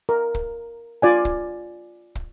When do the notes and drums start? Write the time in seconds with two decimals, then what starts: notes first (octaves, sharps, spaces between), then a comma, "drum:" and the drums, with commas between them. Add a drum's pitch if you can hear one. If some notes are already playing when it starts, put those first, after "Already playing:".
0.09 A#4
0.35 drum: kick
1.02 F4 D5 G#5
1.25 drum: kick
2.15 drum: kick